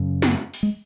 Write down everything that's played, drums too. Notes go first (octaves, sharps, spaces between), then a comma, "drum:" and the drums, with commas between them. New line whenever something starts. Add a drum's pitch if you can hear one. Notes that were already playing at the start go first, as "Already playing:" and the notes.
Already playing: F#2 C#3
drum: snare
drum: open hi-hat
G#3